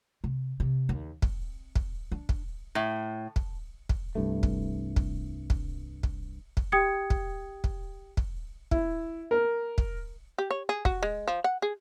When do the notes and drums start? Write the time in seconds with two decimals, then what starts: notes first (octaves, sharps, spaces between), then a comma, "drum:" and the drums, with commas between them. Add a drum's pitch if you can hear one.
0.24 C3
0.60 C3
0.89 D#2
1.22 C4, drum: kick
1.76 drum: kick
2.12 D4
2.29 drum: kick
2.75 A2
3.36 drum: kick
3.89 drum: kick
4.15 C2 G2 A3
4.43 drum: kick
4.96 drum: kick
5.50 drum: kick
6.03 drum: kick
6.57 drum: kick
6.72 G4 G5 D#6 G#6 C#7
7.10 drum: kick
7.64 drum: kick
8.17 drum: kick
8.71 E4, drum: kick
9.31 A#4
9.78 drum: kick
10.38 G4
10.51 C#5
10.69 G#4
10.85 F#4, drum: kick
11.03 G#3
11.28 F3
11.44 F#5
11.62 G#4